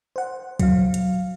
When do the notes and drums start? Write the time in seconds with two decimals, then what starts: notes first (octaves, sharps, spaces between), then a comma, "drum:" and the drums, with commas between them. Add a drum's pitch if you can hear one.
0.16 C5 F#5
0.60 F#3 F5, drum: kick, hi-hat
0.94 drum: hi-hat